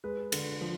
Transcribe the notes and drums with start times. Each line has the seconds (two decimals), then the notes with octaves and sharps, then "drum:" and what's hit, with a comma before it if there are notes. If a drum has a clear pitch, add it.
0.04 G#3 B4
0.32 D3, drum: cymbal
0.61 F3